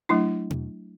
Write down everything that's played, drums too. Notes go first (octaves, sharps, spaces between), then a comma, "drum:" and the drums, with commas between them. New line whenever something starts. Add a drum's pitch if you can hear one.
F#3 A3 D4 E4
drum: tom B2